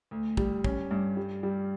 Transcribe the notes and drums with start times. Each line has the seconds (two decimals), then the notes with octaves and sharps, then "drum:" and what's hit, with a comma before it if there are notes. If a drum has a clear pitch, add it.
0.11 D2
0.37 G3, drum: kick
0.64 C#4, drum: kick
0.91 G2
1.17 G3
1.43 G3